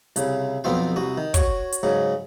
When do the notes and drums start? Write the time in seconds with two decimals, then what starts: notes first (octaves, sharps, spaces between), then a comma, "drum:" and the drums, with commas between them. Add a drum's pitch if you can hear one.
0.16 C2 C#3, drum: hi-hat
0.64 B1 F2 B3 C4 F4 F5
0.96 C2 F#4 D#6
1.17 D#3
1.34 F#4 C#5, drum: kick, hi-hat
1.72 drum: hi-hat
1.83 G#2 C#3 F#3